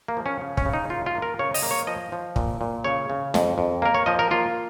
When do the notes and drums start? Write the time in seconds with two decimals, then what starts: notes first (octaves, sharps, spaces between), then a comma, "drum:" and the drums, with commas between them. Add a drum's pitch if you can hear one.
0.08 A#3
0.17 F3
0.26 C#4
0.41 C#3
0.57 C#4, drum: kick
0.66 C#3
0.73 D#4
0.89 A#3 F4
1.06 F4
1.15 A#3
1.22 A#4
1.39 C#3 C#5
1.54 D#5, drum: open hi-hat
1.63 A#3
1.71 C#5
1.87 F3 D#5
2.12 F3
2.36 A#2, drum: kick
2.61 A#2
2.84 C#3 C#5
3.10 C#3
3.34 F2, drum: snare
3.58 F2
3.82 A#3 A#4
3.94 C#5
4.06 F3 D#5
4.19 A#4
4.31 A#3 F4